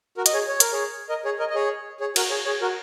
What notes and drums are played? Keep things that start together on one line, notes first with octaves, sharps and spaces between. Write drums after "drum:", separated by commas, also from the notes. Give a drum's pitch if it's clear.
F#4 A#4
D#5, drum: hi-hat
G#4 C#5
C#5
A#4, drum: hi-hat
G#4 C#5
A#4 D#5
G#4 C#5
A#4 D#5
D#5
G#4 C#5
G#4 C#5
F#4 A#4, drum: cymbal
G#4 C#5
G#4 C#5
F#4 A#4